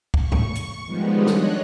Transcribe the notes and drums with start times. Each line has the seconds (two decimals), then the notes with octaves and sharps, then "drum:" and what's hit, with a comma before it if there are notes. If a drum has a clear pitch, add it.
0.14 C#6, drum: kick
0.32 drum: tom G#2
0.55 drum: hi-hat
0.85 D#3 F3 G3 G#3 B3
1.27 D4 C#5 D#5 F#6, drum: snare